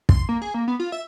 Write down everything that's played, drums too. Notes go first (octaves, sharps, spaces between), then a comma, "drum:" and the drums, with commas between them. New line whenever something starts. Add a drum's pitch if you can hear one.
C6, drum: kick
A#3
G#4
A#3
B3
F4
E5